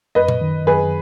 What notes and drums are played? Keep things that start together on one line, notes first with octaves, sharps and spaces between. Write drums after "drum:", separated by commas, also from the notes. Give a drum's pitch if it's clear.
F#2 B4 D#5
drum: tom A#2
D#3
F#2 G#4 B4